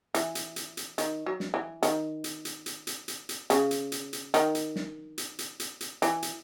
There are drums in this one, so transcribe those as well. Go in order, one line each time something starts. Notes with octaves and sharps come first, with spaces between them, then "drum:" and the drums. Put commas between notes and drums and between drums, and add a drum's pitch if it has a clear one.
E3, drum: hi-hat
drum: hi-hat
drum: hi-hat
drum: hi-hat
D#3, drum: hi-hat
F#3
drum: snare
E3
D#3, drum: hi-hat
drum: hi-hat
drum: hi-hat
drum: hi-hat
drum: hi-hat
drum: hi-hat
drum: hi-hat
C#3, drum: hi-hat
drum: hi-hat
drum: hi-hat
drum: hi-hat
D#3, drum: hi-hat
drum: hi-hat
drum: snare
drum: hi-hat
drum: hi-hat
drum: hi-hat
drum: hi-hat
E3, drum: hi-hat
drum: hi-hat